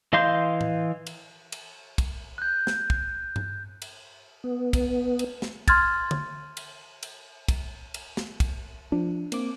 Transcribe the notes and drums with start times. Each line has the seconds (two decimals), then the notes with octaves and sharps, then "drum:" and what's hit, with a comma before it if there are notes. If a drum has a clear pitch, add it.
0.13 E3 D#5 F5 C6 G6
0.61 drum: tom A2
1.07 drum: cymbal
1.52 drum: cymbal
1.98 drum: kick, cymbal
2.38 F#6 G6
2.67 drum: snare
2.90 drum: kick
3.36 drum: tom G2
3.82 drum: cymbal
4.44 B3
4.73 drum: kick, cymbal
5.19 drum: cymbal
5.42 drum: snare
5.68 C6 F6 G#6 A6, drum: kick, cymbal
6.11 drum: tom
6.57 drum: cymbal
7.03 drum: cymbal
7.48 drum: kick, cymbal
7.94 drum: cymbal
8.17 drum: snare
8.40 drum: kick, cymbal
8.92 F3 D4
9.32 A#3 C4 D6, drum: cymbal